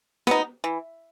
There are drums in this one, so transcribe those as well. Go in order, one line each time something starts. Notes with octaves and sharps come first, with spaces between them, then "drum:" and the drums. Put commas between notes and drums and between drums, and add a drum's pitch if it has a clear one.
B3 D#4, drum: snare
E3